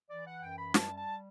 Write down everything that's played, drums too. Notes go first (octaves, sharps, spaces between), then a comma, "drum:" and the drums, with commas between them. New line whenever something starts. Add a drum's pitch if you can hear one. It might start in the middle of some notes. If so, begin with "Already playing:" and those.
E3 D5
F#5
F#2 G5
B5
G3 A5, drum: snare
A5